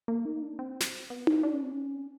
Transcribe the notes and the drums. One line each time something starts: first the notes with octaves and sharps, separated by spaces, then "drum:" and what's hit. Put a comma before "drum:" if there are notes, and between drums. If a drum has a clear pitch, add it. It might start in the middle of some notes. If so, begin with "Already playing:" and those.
A#3
D#4
D4
C4
drum: snare
B3
C4, drum: tom D#4
D4
C#4
C4
C#4